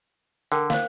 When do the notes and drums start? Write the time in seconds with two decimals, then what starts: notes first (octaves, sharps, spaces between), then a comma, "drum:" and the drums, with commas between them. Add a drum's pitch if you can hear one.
0.52 D3 A#4 G5
0.70 C5 F5, drum: snare